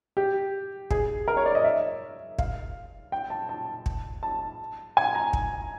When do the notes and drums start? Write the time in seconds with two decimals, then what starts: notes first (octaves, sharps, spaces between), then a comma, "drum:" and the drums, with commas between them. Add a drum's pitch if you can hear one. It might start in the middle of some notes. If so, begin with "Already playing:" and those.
0.17 G4
0.91 G#4, drum: kick
1.28 A#4
1.37 C#5
1.46 D5
1.55 D#5
1.64 E5
2.39 F5, drum: kick
3.12 G5
3.30 A5
3.49 A5
3.86 drum: kick
4.23 A5
4.97 G#5
5.15 A#5
5.33 drum: kick